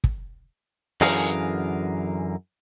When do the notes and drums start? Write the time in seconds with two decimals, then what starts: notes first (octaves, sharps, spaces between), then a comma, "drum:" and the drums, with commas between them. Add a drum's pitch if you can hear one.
0.04 drum: kick
1.01 F#2 D3 E3 G#4 A#4 F5, drum: open hi-hat